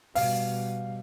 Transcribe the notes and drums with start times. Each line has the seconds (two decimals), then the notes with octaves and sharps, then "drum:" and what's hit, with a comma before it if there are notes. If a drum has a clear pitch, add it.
0.15 B2 G3 F5, drum: open hi-hat